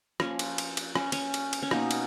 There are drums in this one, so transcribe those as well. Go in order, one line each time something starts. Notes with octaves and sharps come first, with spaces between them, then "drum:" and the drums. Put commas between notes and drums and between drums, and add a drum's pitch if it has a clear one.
F3 A#3 C#4, drum: rim click
drum: cymbal
drum: cymbal
drum: cymbal
C#4, drum: rim click
C#4, drum: cymbal
drum: cymbal
drum: cymbal
C#4
B2 A#3 D#4, drum: rim click
drum: cymbal